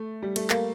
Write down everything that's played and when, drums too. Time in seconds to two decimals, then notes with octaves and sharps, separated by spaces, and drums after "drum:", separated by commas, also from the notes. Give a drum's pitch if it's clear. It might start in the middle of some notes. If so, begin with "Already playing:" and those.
Already playing: A3
0.22 G3
0.36 A3, drum: cymbal
0.50 A#3, drum: clap